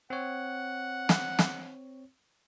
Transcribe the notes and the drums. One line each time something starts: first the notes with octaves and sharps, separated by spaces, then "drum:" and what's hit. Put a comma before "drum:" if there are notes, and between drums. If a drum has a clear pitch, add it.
C4 C#5 F#5
drum: snare
drum: snare